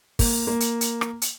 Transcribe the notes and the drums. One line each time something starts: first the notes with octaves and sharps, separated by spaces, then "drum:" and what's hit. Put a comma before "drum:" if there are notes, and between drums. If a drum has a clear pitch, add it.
A#3, drum: kick, open hi-hat
A#3
drum: hi-hat
drum: hi-hat
drum: rim click
drum: hi-hat